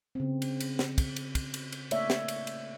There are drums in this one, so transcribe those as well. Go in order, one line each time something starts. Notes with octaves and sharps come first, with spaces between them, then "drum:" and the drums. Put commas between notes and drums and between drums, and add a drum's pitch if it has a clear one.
C#3 B3 C4
drum: cymbal
drum: cymbal
drum: snare
drum: kick, cymbal
drum: cymbal
drum: kick, cymbal
drum: cymbal
drum: cymbal
A3 A#3 C#5 D5 E5, drum: cymbal
drum: snare
drum: cymbal
drum: cymbal